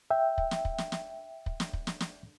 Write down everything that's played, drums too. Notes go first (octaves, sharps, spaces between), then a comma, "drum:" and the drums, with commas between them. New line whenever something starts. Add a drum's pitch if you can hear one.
E5 G5
drum: kick
drum: snare
drum: kick
drum: snare
drum: snare
drum: kick
drum: snare
drum: kick
drum: snare
drum: snare